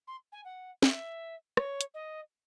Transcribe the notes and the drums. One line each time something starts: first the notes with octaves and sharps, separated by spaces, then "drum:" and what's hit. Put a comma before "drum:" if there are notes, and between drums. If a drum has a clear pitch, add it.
C6
G#5
F#5
F#5, drum: snare
E5
C#5, drum: rim click
drum: hi-hat
D#5